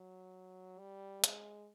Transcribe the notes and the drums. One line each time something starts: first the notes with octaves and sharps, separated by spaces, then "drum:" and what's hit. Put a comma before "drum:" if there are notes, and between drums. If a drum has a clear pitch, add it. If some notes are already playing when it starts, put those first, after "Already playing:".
Already playing: F#3
G3
G#3, drum: hi-hat